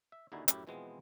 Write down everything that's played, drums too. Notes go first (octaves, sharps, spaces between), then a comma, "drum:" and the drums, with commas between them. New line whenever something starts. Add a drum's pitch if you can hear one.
E5
D#2 D3 D#4 E4 F#4 G#5
F#2 A2 E4 G4, drum: hi-hat
B2 E3 F3 G#3 B3 C4